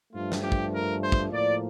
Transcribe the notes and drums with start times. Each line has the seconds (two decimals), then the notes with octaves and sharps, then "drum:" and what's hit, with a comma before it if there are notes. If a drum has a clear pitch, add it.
0.12 G2 F3 A3 F4
0.32 drum: snare
0.42 G4
0.52 drum: kick
0.72 A#4
1.02 C5
1.12 drum: kick
1.32 A2 F3 A#3 D5